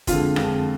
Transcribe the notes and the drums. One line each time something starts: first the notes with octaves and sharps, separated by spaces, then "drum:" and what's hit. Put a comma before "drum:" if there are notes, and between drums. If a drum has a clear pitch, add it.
F2 D3 G#3 F4, drum: kick F1, hi-hat
F2 D3 G#3, drum: rim click